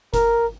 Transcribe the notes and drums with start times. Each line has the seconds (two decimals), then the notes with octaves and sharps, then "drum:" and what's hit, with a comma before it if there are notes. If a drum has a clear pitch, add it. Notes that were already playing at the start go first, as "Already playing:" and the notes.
0.14 A#4, drum: kick F#1, hi-hat